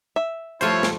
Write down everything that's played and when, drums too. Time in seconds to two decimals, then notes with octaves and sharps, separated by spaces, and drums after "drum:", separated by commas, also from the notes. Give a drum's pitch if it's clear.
0.16 E5
0.61 G2 F3 A3 E4 F4 C5 C#5, drum: hi-hat
0.83 drum: snare